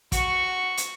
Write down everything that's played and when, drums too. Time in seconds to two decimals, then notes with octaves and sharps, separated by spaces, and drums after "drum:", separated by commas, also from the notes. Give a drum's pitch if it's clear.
0.12 F#4 C#6, drum: kick, hi-hat
0.77 drum: hi-hat